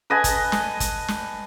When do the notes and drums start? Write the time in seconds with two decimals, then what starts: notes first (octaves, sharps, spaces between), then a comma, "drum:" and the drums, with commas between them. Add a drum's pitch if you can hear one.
0.10 B4 D#5 G#5 A5
0.24 drum: kick, hi-hat
0.52 drum: snare
0.80 drum: kick, hi-hat
1.08 drum: snare